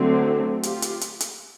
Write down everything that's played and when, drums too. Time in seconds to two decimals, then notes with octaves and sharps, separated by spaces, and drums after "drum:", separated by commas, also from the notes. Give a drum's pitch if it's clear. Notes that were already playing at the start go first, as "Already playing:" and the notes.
Already playing: D3 F#3 A3 C4
0.63 F4 G4, drum: hi-hat
0.82 drum: hi-hat
1.01 drum: hi-hat
1.20 drum: hi-hat